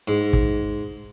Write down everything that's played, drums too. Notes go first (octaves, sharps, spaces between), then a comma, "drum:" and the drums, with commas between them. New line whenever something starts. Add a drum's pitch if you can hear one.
G#2
drum: kick